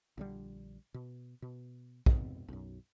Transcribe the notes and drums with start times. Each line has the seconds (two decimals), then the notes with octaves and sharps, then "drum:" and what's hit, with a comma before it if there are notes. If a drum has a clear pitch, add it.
0.18 A#1 D3 G3
0.94 B2
1.42 B2
2.06 F2 G#2 B2 C4, drum: kick
2.48 B1 F#2